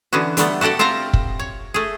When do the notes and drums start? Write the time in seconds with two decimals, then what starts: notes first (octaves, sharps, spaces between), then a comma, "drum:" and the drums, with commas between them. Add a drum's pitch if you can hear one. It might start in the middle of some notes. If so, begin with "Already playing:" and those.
0.13 D3 E3 B3 C#4 F#4
0.37 D3 G3 A3 B3, drum: hi-hat
0.61 F#4 G4 A4 D5 F#5
0.79 C4 F4 E5 F5 A#5
1.13 drum: kick
1.39 C#5
1.74 A3 G#4